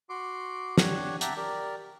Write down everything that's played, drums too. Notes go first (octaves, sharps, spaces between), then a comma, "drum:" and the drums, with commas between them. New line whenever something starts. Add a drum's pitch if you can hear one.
F#4 C6 D6
D4 G4 C#5 F#5, drum: snare
E5 F#5 G5 A5 A#5 D6, drum: hi-hat
G4 A#4 D5